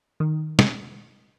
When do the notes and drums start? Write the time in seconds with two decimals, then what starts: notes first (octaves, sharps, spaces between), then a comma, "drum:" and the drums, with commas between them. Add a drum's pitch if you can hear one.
0.20 D#3
0.59 drum: snare